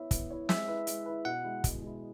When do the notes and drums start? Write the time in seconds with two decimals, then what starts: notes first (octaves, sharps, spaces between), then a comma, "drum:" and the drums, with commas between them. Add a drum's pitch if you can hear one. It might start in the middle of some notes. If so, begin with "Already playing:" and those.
Already playing: B3 E4 C#5 E5
0.11 B3, drum: kick, hi-hat
0.30 E4 C#5
0.49 G#3 E5, drum: snare
0.68 E4 B4
0.87 G#3, drum: hi-hat
1.06 E4 B4
1.25 B2 F#5
1.44 G#3 E4
1.64 B2, drum: kick, hi-hat
1.82 G#3 E4